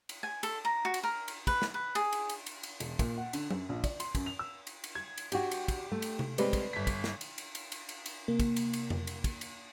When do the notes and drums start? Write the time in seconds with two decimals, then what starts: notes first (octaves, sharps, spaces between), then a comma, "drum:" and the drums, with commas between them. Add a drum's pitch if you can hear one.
0.09 drum: cymbal
0.23 G#5
0.43 A4, drum: cymbal
0.65 A#5
0.85 F#4
0.94 drum: cymbal
1.03 A#4
1.28 drum: cymbal
1.47 B4, drum: kick, cymbal
1.62 drum: snare
1.74 B4
1.95 G#4, drum: cymbal
2.13 drum: cymbal
2.29 drum: cymbal
2.46 drum: cymbal
2.63 drum: cymbal
2.80 E1, drum: cymbal
2.99 A#2, drum: kick, cymbal
3.18 F#5
3.33 D3, drum: cymbal
3.51 F#2, drum: tom F#3
3.69 A#1
3.84 D5, drum: kick, cymbal
4.00 C6, drum: cymbal
4.15 F#2, drum: kick, cymbal
4.26 F7
4.39 E6
4.67 drum: cymbal
4.84 drum: cymbal
4.95 G#6
5.18 drum: cymbal
5.32 D4 F#4 G4, drum: cymbal
5.51 drum: cymbal
5.68 drum: kick, cymbal
5.92 A3
6.02 drum: cymbal
6.19 drum: tom C3
6.38 G3 G#3 C4 B4 D5, drum: cymbal
6.53 drum: kick, cymbal
6.73 G1 B6
6.87 drum: kick, cymbal
7.04 drum: snare
7.21 drum: cymbal
7.38 drum: cymbal
7.55 drum: cymbal
7.72 drum: cymbal
7.89 drum: cymbal
8.06 drum: cymbal
8.28 C3 A#3
8.40 drum: kick, cymbal
8.56 drum: cymbal
8.73 drum: cymbal
8.90 drum: tom F2
9.07 drum: cymbal
9.24 drum: kick, cymbal
9.41 drum: cymbal